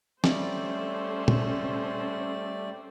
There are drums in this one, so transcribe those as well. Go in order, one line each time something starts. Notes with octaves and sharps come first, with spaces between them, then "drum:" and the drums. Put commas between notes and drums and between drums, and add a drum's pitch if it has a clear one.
G3 A3 C#4 A4 C5 D5, drum: snare
drum: tom A#2